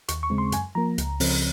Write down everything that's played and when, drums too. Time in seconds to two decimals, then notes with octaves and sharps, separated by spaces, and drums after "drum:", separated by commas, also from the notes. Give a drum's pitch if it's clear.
0.08 D#2 C#6, drum: hi-hat
0.23 C#6
0.30 C#3 G#3 C4
0.38 C6
0.52 F#2 G#5, drum: hi-hat
0.75 F3 A#3 A#5
0.98 C#2, drum: hi-hat
1.20 C#3 F3 C4, drum: open hi-hat